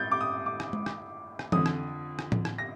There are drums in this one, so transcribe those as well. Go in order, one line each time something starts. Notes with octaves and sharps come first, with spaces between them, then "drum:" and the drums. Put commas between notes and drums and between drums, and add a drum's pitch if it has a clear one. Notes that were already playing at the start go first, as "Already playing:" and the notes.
Already playing: A2 G6 A6
D6
D#6
D6
drum: rim click
drum: tom G#3
drum: rim click
drum: rim click
F2 D3 D#6, drum: tom E3
drum: rim click
drum: rim click
drum: tom
drum: rim click
A#6